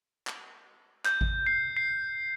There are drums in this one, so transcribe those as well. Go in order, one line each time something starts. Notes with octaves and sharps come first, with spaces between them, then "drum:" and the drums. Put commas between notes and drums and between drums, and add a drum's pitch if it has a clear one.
drum: clap
G6, drum: clap
drum: kick G#1
C7
C7